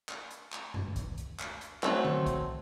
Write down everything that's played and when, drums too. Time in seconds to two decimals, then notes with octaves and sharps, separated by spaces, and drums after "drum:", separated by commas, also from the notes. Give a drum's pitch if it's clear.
0.09 drum: clap
0.31 drum: hi-hat
0.52 drum: clap
0.74 drum: tom
0.96 drum: kick C2, hi-hat
1.18 drum: hi-hat
1.39 drum: clap
1.61 drum: hi-hat
1.83 F#3 A3 C4, drum: clap
2.05 drum: tom D3
2.26 drum: kick C2, hi-hat